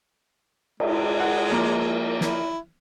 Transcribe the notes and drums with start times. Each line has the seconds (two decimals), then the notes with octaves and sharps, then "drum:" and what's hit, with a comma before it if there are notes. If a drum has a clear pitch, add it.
0.80 G#3, drum: cymbal
1.20 F#5
1.50 F3 A#3
2.21 E4, drum: snare